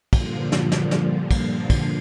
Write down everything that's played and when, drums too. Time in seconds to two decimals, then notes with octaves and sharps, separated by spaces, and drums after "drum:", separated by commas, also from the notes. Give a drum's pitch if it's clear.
0.13 G2 A#2 D3 F3, drum: kick, cymbal
0.52 drum: snare
0.72 drum: snare
0.91 drum: snare
1.31 drum: kick, cymbal
1.70 drum: kick, cymbal